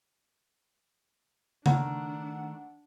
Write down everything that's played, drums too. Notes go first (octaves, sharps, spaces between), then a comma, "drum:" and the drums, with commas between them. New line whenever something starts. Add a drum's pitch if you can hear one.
D#3 A3 D4 A#4 F#5, drum: tom C#3